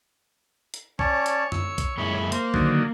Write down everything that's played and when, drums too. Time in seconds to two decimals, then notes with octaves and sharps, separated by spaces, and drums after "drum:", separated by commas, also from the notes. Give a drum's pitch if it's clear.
0.74 drum: hi-hat
0.99 C#4 C#5 D5 A5, drum: kick
1.26 drum: hi-hat
1.52 E6, drum: tom
1.78 drum: kick, hi-hat
1.98 F#2 G#3 E4 B5
2.32 A#3 C5, drum: hi-hat
2.54 D3 D#3 F#3, drum: kick